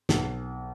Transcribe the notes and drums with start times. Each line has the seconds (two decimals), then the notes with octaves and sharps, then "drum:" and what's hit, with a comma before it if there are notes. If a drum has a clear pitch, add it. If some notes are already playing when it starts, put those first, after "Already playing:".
0.09 B1, drum: snare